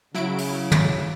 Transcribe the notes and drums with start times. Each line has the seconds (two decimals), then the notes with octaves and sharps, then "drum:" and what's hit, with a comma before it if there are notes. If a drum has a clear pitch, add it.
0.15 C#3 F#3 E4 D7
0.38 drum: open hi-hat
0.72 drum: tom